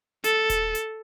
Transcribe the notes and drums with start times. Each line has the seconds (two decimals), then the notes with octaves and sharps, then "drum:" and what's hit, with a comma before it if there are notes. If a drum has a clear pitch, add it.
0.24 A4, drum: hi-hat
0.50 drum: kick D#1, hi-hat
0.75 drum: hi-hat